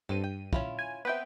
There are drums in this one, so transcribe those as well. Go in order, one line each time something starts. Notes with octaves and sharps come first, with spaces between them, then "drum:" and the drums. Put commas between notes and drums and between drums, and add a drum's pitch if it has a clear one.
G2 C4 A4 D#7
G5
C#4 E4 F4, drum: kick
G#5
B3 C4 B4 E5 G5